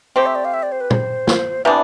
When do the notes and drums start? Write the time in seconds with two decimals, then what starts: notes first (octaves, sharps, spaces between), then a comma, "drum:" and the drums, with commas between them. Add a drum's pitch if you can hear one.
0.16 A3 C4 G4 C5
0.26 E5
0.35 D5
0.45 F5
0.54 E5
0.63 D5
0.72 C5
0.81 B4
0.90 C5, drum: tom
1.27 drum: snare
1.65 C3 E3 B3 D4 D5